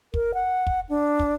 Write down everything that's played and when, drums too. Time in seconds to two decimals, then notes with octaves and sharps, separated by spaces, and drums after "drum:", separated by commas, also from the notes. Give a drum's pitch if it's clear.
0.14 A#4, drum: kick
0.34 F#5
0.67 drum: kick
0.89 D4
1.19 drum: kick